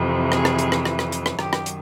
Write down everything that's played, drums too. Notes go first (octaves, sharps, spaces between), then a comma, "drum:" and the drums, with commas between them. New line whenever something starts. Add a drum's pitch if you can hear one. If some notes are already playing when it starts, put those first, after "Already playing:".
Already playing: F2 C3 E3
G#4, drum: rim click
drum: rim click
drum: hi-hat
drum: rim click
drum: rim click
drum: rim click
drum: hi-hat
drum: rim click
F#2 D#3 G4, drum: rim click
drum: rim click
drum: hi-hat